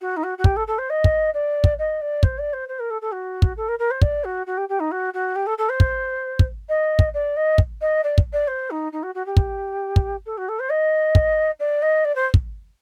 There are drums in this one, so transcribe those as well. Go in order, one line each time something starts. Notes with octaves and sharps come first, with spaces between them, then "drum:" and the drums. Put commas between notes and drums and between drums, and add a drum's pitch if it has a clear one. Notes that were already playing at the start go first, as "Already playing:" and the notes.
F#4
D#4
F#4
F#4
G4, drum: kick
A4
A4
C5
D#5
drum: kick
D5
drum: kick
D#5
D5
C5, drum: kick
D5
C5
C5
A#4
A4
A4
F#4
drum: kick
A4
A#4
A#4
C5
D5, drum: kick
F#4
F#4
G4
G4
D#4
F#4
F#4
G4
A4
A4
C5
drum: kick
drum: kick
D#5
drum: kick
D5
D#5
drum: kick
D#5
D5
drum: kick
D5
C5
D#4
D#4
F#4
F#4
G4
drum: kick
drum: kick
A4
F#4
A4
C5
D#5
drum: kick
D5
D#5
D5
C5
drum: kick